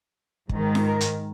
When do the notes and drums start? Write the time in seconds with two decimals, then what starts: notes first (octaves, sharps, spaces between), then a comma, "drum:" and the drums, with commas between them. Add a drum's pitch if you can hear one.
0.49 G#2 D#3, drum: kick
0.75 drum: snare F4
0.87 A#4
1.01 drum: hi-hat